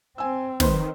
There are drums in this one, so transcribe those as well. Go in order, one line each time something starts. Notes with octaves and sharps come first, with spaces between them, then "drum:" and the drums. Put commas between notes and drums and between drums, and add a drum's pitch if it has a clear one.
C4 G#5 E6
D#3 B4 C5 C6, drum: snare